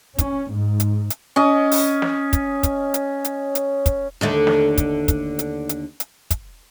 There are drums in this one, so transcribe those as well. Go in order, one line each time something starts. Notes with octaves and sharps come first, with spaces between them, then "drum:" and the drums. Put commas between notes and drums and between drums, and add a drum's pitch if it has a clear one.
C#4, drum: kick, hi-hat
G#2
drum: hi-hat
drum: hi-hat
C#4 D#5
drum: open hi-hat
drum: snare
drum: kick, hi-hat
drum: kick, hi-hat
drum: hi-hat
drum: hi-hat
drum: hi-hat
drum: kick, hi-hat
D#2 D3 A3
drum: snare
drum: kick, hi-hat
drum: kick, hi-hat
drum: hi-hat
drum: hi-hat
drum: hi-hat
drum: kick, hi-hat